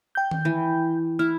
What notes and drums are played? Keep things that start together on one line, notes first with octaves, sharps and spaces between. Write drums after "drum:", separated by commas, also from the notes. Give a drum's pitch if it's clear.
G5 G6
drum: tom D#3
E3
E4 F6